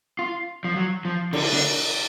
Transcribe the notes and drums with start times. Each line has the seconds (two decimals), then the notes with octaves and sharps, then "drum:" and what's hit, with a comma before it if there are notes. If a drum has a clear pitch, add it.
0.19 F4
0.64 F3
0.76 F#3
1.05 F3
1.33 D3, drum: cymbal
1.54 D3